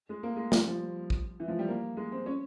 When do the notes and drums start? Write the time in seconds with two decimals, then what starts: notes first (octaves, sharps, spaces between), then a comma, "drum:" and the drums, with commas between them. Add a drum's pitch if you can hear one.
0.09 G#3
0.23 A#3
0.36 G#3
0.52 G3, drum: snare
0.67 F3
1.10 drum: kick
1.40 E3
1.48 F3
1.59 G3
1.68 A#3
1.97 G#3
2.12 C4
2.26 C#4